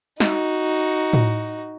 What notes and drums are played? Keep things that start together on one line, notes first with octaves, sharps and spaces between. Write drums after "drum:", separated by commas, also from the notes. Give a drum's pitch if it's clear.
D#4 F#4, drum: snare
drum: tom A2